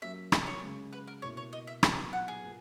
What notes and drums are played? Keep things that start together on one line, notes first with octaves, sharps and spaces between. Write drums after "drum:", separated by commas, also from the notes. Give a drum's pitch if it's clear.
F#3 A#3 C#4 E5
D#5, drum: rim click
C#5
C#3 G#3 C#4
B4
A#4
B2 A#3 E4 C#5
C#5
D#5
E5
A#2 F#3 B3 E4, drum: rim click
F#5
G#4
A#2 A#3